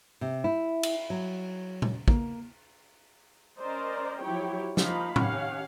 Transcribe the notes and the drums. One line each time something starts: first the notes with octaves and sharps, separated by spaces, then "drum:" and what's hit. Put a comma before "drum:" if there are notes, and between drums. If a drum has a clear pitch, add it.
C3
E4
drum: cymbal
F#3
drum: tom A#2
A#3, drum: kick
C#4 A#4 C5 D5 D#5 A#5
F3 F#3 E4 G4 C#5 G5
F3 A#3 D#4 D#5 F5 B5, drum: snare
D#3 C#4 G4 F5 F#5, drum: tom A2